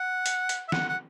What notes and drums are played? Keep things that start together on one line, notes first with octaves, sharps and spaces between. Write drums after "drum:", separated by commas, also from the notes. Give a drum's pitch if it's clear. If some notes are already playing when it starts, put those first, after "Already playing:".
Already playing: F#5
drum: hi-hat
drum: hi-hat
E5
F#5, drum: snare
F#5